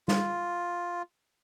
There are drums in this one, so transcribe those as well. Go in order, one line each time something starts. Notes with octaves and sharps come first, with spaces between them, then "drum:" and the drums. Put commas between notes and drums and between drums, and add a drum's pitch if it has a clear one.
F4, drum: snare